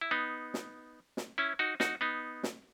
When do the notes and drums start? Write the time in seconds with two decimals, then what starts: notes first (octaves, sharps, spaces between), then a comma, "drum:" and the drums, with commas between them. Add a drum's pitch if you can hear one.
0.01 E4
0.11 B3 D#4
0.54 drum: snare
1.17 drum: snare
1.38 C#4 E4
1.59 D#4 F#4
1.80 D#4 F#4, drum: snare
2.01 B3 D#4
2.43 drum: snare